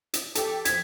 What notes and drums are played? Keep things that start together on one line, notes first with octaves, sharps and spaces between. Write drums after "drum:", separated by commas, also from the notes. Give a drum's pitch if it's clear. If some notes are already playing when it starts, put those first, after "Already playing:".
drum: hi-hat
G4 A4, drum: hi-hat
F3 G#6 B6, drum: hi-hat